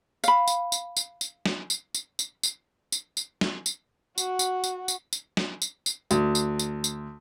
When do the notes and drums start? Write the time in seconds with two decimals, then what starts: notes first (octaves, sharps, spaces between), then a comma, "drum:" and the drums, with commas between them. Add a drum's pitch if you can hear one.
0.24 F5 B5, drum: tambourine
0.48 drum: tambourine
0.72 drum: tambourine
0.97 drum: tambourine
1.21 drum: tambourine
1.46 drum: snare
1.70 drum: tambourine
1.94 drum: tambourine
2.19 drum: tambourine
2.43 drum: tambourine
2.92 drum: tambourine
3.17 drum: tambourine
3.41 drum: snare
3.66 drum: tambourine
4.18 F#4, drum: tambourine
4.39 drum: tambourine
4.64 drum: tambourine
4.88 drum: tambourine
5.13 drum: tambourine
5.37 drum: snare
5.62 drum: tambourine
5.86 drum: tambourine
6.11 D2, drum: tambourine
6.35 drum: tambourine
6.60 drum: tambourine
6.84 drum: tambourine